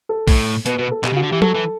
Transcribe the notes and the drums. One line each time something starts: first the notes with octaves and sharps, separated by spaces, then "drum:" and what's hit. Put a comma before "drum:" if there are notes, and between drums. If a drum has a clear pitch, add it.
A4
A2, drum: kick, open hi-hat
B2 B4, drum: hi-hat
B2 B4
A4
B2 G4, drum: clap
C#3
F#4
D3
E3 G4
F#3 A4, drum: tom
E3